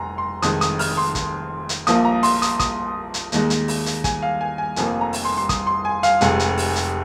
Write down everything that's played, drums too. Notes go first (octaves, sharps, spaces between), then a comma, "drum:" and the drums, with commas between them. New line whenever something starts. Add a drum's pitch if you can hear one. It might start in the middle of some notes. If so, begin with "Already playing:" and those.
Already playing: F1 G#5 A#5 C6
C6
F1 F2 D#3 G#3 D#6, drum: hi-hat
D#6, drum: hi-hat
F6, drum: open hi-hat
C6
drum: kick, hi-hat
drum: hi-hat
A#1 A#2 F3 A#3 D#6, drum: hi-hat
A#5
C6, drum: open hi-hat
D#6, drum: hi-hat
D#6, drum: kick, hi-hat
drum: hi-hat
D#2 D#3 G#3, drum: hi-hat
drum: hi-hat
drum: open hi-hat
drum: hi-hat
G#5, drum: kick, hi-hat
F5
G#5
G#5
F1 F2 F3 A#3 G#5, drum: hi-hat
A#5
drum: open hi-hat
C6
C6
D#6, drum: kick, hi-hat
C6
G#5
F5, drum: hi-hat
F1 F2 C3 G#3 G#5, drum: hi-hat
drum: hi-hat
drum: open hi-hat
drum: hi-hat